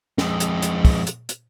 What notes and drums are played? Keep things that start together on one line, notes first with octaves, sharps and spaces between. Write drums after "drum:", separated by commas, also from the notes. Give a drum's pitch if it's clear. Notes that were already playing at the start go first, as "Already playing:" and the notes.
F2 G#3, drum: snare
drum: hi-hat
drum: hi-hat
drum: kick, open hi-hat
drum: hi-hat
drum: hi-hat